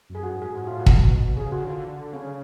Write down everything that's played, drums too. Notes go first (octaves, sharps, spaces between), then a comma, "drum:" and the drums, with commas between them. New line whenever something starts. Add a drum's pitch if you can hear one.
F#2
G#4
F#4
G#2
G#4
G#2 F#4
A2
F4
F#4
B2, drum: kick
B2
C#3 G#4
F#4
D3 F4
D3
C#3 C#4